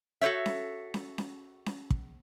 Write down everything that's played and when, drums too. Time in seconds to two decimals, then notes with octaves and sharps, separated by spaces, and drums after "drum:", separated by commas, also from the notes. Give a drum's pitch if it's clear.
0.21 F#4 A4 C5 C#5 E5
0.46 drum: snare C#4
0.94 drum: snare C#4
1.18 drum: snare C#4
1.66 drum: snare C#4
1.90 drum: kick